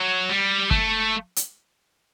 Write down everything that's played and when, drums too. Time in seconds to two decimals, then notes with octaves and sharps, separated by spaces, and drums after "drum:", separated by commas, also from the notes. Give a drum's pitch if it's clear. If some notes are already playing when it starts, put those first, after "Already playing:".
Already playing: F#3
0.29 G3
0.71 A3, drum: kick
1.36 drum: hi-hat